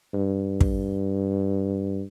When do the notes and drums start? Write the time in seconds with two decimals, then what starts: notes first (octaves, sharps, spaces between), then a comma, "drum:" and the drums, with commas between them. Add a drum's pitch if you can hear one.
0.14 G2
0.61 drum: kick